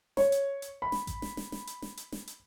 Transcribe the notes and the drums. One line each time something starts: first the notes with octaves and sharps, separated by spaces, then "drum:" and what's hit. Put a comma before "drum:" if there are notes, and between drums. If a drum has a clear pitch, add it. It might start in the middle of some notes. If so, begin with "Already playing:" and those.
C#5, drum: snare
drum: hi-hat
drum: hi-hat
B5
drum: snare
drum: kick A1, hi-hat
drum: snare
drum: snare
drum: snare
drum: hi-hat
drum: snare
drum: hi-hat
drum: snare
drum: hi-hat